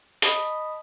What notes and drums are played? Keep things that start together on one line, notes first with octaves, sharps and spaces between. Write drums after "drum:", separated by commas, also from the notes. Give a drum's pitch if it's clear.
D#5 A5 B5 D#6, drum: hi-hat